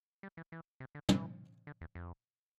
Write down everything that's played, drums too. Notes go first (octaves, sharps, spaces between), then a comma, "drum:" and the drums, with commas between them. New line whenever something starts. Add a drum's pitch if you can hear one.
G3
E3
E3
C3
D3
E3, drum: tom
D3
E2
F2